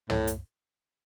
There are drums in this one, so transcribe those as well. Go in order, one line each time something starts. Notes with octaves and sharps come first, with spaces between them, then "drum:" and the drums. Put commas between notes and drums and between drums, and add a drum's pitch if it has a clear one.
A2, drum: tom
drum: hi-hat